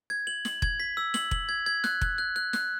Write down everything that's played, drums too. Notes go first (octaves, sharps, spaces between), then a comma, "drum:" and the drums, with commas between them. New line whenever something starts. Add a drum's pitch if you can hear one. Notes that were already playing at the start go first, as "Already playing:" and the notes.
G#6
F#7
F#7, drum: snare
G#6, drum: kick F1
B6
E6
F#7, drum: snare
F#7, drum: kick F1
G#6
G#6
F#6, drum: snare
F#6, drum: kick F1
F#6
F#6
F#6, drum: snare